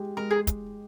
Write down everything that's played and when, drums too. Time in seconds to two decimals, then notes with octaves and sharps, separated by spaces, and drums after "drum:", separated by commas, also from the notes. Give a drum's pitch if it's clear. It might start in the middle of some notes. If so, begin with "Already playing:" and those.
Already playing: G#3 G4
0.17 G#3 A#4
0.31 G#4
0.47 drum: kick, hi-hat